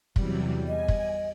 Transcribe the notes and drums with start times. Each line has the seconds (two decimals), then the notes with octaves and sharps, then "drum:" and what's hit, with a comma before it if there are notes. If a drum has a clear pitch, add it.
0.16 E2 C3 E3 F#3 G3, drum: kick
0.68 D#5 G#5
0.88 drum: kick